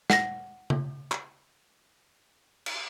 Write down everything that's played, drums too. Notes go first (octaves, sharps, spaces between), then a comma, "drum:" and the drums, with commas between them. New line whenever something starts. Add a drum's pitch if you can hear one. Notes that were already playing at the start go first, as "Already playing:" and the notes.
F#5 A#6, drum: snare
drum: tom C#3
drum: clap
drum: cymbal